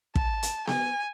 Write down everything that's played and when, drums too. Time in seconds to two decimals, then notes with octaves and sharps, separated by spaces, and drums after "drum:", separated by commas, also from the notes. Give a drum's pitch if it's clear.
0.15 A5, drum: kick
0.43 drum: hi-hat
0.67 G#5, drum: snare B3